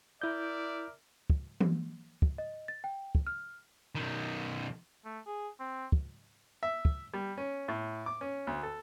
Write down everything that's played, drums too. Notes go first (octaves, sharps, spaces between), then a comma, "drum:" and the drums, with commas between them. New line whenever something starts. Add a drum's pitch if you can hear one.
E4 A#4 D5 E5 G6
drum: kick
drum: tom E3
drum: kick
D#5
A6
G5
drum: kick
F6
B1 D#3
A3
G#4
C4
drum: kick
E5
drum: kick
G3
C#4
A2
D6
C#4
D2
A4